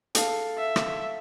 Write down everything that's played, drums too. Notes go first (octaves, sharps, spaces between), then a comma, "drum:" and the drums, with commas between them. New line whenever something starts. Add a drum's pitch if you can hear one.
A4 F5, drum: hi-hat
E5
drum: rim click